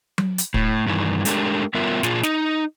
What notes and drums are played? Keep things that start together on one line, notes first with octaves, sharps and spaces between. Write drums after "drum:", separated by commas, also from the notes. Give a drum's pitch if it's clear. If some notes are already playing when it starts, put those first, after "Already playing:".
drum: tom F#3
drum: hi-hat
A2, drum: kick
E2 G2 D#3 E3
G#3 A3 D4 G4 A#4, drum: hi-hat
G3 B3 F4 A#4 E5
A#2 F4 G#4, drum: snare
D#4, drum: snare